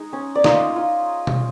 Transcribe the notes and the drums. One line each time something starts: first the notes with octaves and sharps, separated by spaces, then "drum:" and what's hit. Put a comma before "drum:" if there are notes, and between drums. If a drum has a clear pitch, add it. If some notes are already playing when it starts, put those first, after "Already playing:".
Already playing: G#3 D#4
C#4
D5
D#4 F4 D#5, drum: snare
F4
drum: tom B2